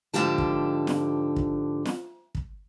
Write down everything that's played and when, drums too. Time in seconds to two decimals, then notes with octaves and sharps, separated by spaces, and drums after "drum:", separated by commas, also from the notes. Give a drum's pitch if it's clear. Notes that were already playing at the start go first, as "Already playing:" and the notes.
0.14 G#2 D3 F3 G4 A5
0.38 drum: kick
0.87 drum: snare
1.36 drum: kick
1.85 drum: snare
2.35 drum: kick